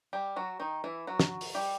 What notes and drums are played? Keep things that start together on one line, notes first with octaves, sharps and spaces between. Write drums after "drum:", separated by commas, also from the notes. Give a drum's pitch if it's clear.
G3 G4
F#3 F#4
D#3 D#4
E3 E4
F#3 F#4
drum: snare
drum: open hi-hat
G3 G4